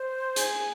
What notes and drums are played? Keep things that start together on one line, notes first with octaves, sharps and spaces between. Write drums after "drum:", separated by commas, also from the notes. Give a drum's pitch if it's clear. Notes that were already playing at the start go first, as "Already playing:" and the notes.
Already playing: C5
G#4, drum: hi-hat